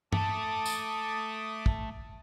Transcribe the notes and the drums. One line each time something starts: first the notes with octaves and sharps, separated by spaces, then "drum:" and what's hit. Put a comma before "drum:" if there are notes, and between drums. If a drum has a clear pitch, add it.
A3 A4 A5 D6 D#6, drum: tom G2
drum: tambourine
drum: kick